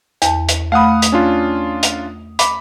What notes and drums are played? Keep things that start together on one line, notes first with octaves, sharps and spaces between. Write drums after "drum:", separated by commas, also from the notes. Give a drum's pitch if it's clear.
E2 A5, drum: hi-hat
drum: hi-hat
A3 F5 F#5 B5 D#6
drum: hi-hat
C#4 D4 F4
drum: hi-hat
B5 D6, drum: hi-hat